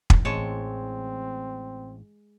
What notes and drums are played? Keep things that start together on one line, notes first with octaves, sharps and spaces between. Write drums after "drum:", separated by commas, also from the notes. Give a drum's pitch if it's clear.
drum: kick
A1 G#3 C4 C#5 A5